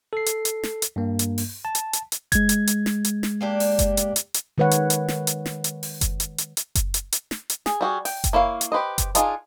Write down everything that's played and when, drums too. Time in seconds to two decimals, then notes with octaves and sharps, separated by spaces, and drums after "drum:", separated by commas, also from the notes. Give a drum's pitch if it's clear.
0.13 A4 C7
0.26 drum: hi-hat
0.45 drum: hi-hat
0.63 drum: snare
0.82 drum: hi-hat
0.96 G2 A#3
1.19 drum: hi-hat
1.38 drum: open hi-hat
1.65 A5
1.75 drum: hi-hat
1.93 drum: hi-hat
2.12 drum: hi-hat
2.32 G#3 G#6, drum: kick F#1, hi-hat
2.49 drum: hi-hat
2.67 drum: hi-hat
2.86 drum: snare
3.05 drum: hi-hat
3.23 drum: snare
3.41 A#3 D4 G4
3.60 drum: open hi-hat
3.79 drum: kick F#1, hi-hat
3.97 drum: hi-hat
4.16 drum: hi-hat
4.34 drum: hi-hat
4.58 D#3 G#3 B4 C#5 F#5
4.71 drum: hi-hat
4.90 drum: hi-hat
5.09 drum: snare
5.27 drum: hi-hat
5.46 drum: snare
5.64 drum: hi-hat
5.83 drum: open hi-hat
6.01 drum: kick F#1, hi-hat
6.20 drum: hi-hat
6.38 drum: hi-hat
6.57 drum: hi-hat
6.75 drum: kick F#1, hi-hat
6.94 drum: hi-hat
7.12 drum: hi-hat
7.31 drum: snare
7.50 drum: hi-hat
7.66 G#4, drum: snare
7.81 G3 F#4 G#4
8.05 G5, drum: open hi-hat
8.24 drum: kick F#1, hi-hat
8.33 A#3 E4 C#5 F5
8.61 drum: hi-hat
8.72 G4 B4 C5 D#5
8.98 drum: kick F#1, hi-hat
9.15 D4 D#4 F4 G#4, drum: hi-hat